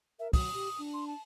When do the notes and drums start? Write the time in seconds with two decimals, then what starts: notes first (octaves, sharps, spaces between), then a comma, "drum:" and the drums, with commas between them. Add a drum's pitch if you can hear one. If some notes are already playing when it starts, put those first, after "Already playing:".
0.20 A#4 E5
0.33 F#3 D#6, drum: kick, open hi-hat
0.54 G4
0.78 D4
0.94 C6
1.07 A5